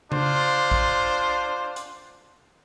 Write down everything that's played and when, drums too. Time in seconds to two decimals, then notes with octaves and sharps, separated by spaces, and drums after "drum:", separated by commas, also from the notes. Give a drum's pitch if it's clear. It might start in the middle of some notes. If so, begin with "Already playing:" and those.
0.12 D4 F4 C5, drum: tom C#3
0.71 drum: kick
1.76 drum: hi-hat